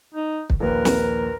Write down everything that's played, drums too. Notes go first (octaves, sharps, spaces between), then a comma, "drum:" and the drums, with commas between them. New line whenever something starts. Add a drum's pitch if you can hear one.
D#4
drum: kick
A#1 D#2 A#4 B4
drum: snare